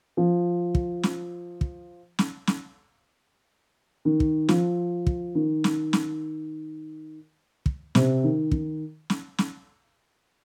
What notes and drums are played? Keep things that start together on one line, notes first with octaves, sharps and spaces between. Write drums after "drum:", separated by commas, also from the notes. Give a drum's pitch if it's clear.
F3
drum: kick
drum: snare
drum: kick
drum: snare
drum: snare
D#3
drum: kick
F3, drum: snare
drum: kick
D#3
drum: snare
drum: snare
drum: kick
C3, drum: snare
D#3
D#3, drum: kick
drum: snare
drum: snare